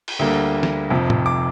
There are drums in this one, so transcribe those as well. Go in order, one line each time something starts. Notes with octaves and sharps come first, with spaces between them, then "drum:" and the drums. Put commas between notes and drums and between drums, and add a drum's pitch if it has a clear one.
drum: cymbal
D2 D3 G3 A#3
drum: snare
F1 F2 C3
drum: tom A2
D6